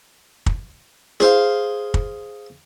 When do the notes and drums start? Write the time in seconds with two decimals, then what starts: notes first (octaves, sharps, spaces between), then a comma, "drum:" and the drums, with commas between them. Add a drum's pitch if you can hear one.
0.46 drum: kick
1.20 G#4 C5 F5, drum: snare E4
1.94 drum: kick